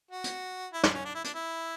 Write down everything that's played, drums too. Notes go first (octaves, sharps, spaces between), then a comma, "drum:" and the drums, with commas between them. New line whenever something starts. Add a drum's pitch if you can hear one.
F#4
drum: hi-hat
E4
D4, drum: snare
C#4
D4
E4
D4, drum: hi-hat
E4